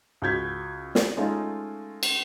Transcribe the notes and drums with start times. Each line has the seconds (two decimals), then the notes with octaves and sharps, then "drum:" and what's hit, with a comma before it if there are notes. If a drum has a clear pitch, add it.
0.22 C#2 F#4 G6 G#6 B6
0.95 drum: snare
1.17 G#3 A3 C#4 D#4 F4
2.03 drum: cymbal